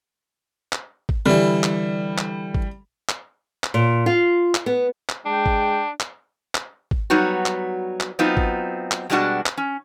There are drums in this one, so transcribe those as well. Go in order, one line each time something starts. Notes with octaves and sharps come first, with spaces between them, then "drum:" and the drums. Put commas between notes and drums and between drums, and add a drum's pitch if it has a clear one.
drum: clap
drum: kick G#1
D3 E3 G3
drum: clap
drum: clap
drum: kick G#1
drum: clap
drum: clap
A#2
F4
drum: clap
B3
drum: clap
G#3 D4 G5
drum: kick G#1
drum: clap
drum: clap
drum: kick G#1
F#3 G3 B3 D#4 F#4
drum: clap
drum: clap
F#3 B3 C4 D#4 F4
drum: kick G#1
drum: clap
B2 G3 G#3 D4 F#4 F#5
drum: clap
C#4